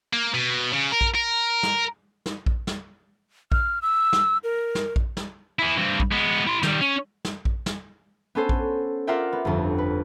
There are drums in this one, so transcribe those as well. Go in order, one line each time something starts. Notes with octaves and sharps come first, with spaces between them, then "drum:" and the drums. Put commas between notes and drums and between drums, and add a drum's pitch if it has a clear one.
A#3
B2
C#3
A#4
drum: kick A#1
A#4
drum: snare
drum: snare
drum: kick A#1
drum: snare
F6, drum: kick A#1
E6
drum: snare
A#4
drum: snare
drum: kick A#1
drum: snare
E4 G#4
G2 C4
drum: kick A#1
G#3 B3
E4 C6
D#3 G3, drum: snare
C#4
drum: snare
drum: kick A#1
drum: snare
B3 C#4 A4 C5
drum: kick A#1
F4 A#4 D5 E5 F#5 G5
B3
G1 F2
B4